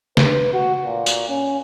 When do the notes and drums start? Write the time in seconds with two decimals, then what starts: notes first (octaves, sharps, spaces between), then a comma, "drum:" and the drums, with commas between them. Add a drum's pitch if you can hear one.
0.17 B4, drum: snare
0.53 F#4
0.85 A#2
1.06 drum: tambourine
1.29 C#4